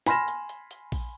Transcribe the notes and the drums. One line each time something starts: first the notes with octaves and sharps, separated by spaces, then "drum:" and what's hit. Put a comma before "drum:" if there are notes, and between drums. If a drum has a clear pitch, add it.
G#5 B5 C6 F6 A#6 E7, drum: snare
drum: hi-hat
drum: hi-hat
drum: hi-hat
drum: kick A#1, open hi-hat